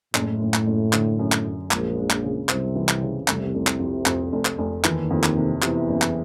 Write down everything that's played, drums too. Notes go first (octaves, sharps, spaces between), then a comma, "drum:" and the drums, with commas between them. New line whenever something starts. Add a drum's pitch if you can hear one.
F#1 A2, drum: clap
F#1
drum: clap
F#1
D3, drum: clap
F#2
drum: clap
F#2
A#1 A#2 G#3, drum: clap
G#3
drum: clap
C#3
C2 C3 C4, drum: clap
E3
drum: clap
C#3
F1 C2 C3, drum: clap
F1
drum: clap
F2
F2, drum: clap
F1
drum: clap
F1
D#2 D#3 E3, drum: clap
F2
drum: clap
C3
E2 C3 E3, drum: clap
F#1
drum: clap